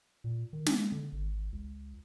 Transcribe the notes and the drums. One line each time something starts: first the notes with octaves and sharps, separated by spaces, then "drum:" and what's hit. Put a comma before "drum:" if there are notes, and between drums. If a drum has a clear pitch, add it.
A#2
D#3
G#3, drum: snare
D3
G#1
C#2